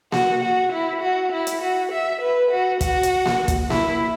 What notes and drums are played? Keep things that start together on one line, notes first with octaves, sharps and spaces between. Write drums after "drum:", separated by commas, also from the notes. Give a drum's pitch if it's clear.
F#4, drum: snare A#3
F#4
E4
F#4
E4
drum: hi-hat
F#4
E5
B4
F#4
F#4, drum: kick, hi-hat
drum: hi-hat
drum: snare A#3
drum: kick, hi-hat
E4, drum: snare A#3